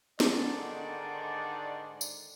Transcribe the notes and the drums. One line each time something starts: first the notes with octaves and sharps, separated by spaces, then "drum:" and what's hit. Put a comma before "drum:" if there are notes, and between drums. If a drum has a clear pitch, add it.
G#2 D3 D#3 D5, drum: snare
drum: tambourine